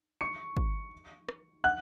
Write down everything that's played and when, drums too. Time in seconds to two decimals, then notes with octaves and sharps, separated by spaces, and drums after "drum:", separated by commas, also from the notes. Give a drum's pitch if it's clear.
0.21 C#6 C#7
0.57 drum: kick
1.29 drum: rim click
1.64 F#5 F#6